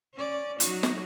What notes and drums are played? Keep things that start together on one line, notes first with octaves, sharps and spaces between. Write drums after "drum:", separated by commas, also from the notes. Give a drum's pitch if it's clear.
C#4 D5
F#3 D#4 F#4, drum: hi-hat
drum: snare